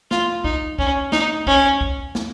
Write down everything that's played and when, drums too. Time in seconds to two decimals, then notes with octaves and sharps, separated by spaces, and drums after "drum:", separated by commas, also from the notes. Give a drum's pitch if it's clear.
0.11 F4, drum: snare
0.44 D#4, drum: kick
0.79 C#4, drum: kick
1.12 D#4, drum: snare
1.47 C#4, drum: kick
1.81 drum: kick
2.15 drum: snare